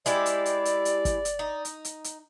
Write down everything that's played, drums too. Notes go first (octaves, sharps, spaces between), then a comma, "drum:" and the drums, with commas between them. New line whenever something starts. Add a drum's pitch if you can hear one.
G#3 E4 G4 D5, drum: hi-hat
drum: hi-hat
drum: hi-hat
drum: hi-hat
drum: hi-hat
drum: kick, hi-hat
drum: hi-hat
D#4
drum: hi-hat
drum: hi-hat
drum: hi-hat